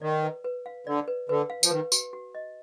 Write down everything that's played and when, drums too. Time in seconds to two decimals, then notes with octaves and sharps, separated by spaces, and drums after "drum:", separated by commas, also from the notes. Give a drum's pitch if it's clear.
0.02 D#3 D5
0.23 B4
0.44 B4
0.66 F5
0.87 D3 D5
1.08 B4
1.29 D3 B4
1.50 F5
1.63 F3, drum: tambourine
1.71 D#3 B4
1.92 F#4, drum: tambourine
2.13 F#4
2.35 D#5